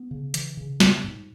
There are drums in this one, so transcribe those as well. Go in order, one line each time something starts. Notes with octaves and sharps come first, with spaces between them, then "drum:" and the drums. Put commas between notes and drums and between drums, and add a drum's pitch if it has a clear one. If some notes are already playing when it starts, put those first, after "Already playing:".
Already playing: B3
C#3
E3, drum: hi-hat
C#3
B3, drum: snare
G#2